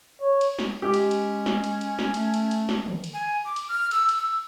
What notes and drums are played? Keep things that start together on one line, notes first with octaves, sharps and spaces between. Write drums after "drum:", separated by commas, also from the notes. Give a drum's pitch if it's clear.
C#5
drum: cymbal
drum: snare
G#3 C#4 G4
drum: cymbal
drum: cymbal
drum: snare
drum: cymbal
drum: cymbal
drum: snare
A3, drum: cymbal
drum: cymbal
drum: cymbal
drum: snare
drum: tom
drum: cymbal
G#5
D6
drum: cymbal
F6
E6, drum: cymbal
drum: cymbal
E6